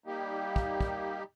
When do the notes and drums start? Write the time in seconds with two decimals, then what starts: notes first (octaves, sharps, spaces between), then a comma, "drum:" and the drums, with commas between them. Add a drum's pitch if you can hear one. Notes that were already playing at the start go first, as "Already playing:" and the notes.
0.06 G3 A#3 D#4 G4
0.56 drum: kick
0.80 drum: kick